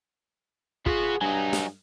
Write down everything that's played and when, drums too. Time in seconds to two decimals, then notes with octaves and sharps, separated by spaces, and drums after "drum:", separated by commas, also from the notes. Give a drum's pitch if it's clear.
0.86 B3 F4 F#4 G#4, drum: kick
1.21 G2 F#3 D#4 G#5
1.53 drum: snare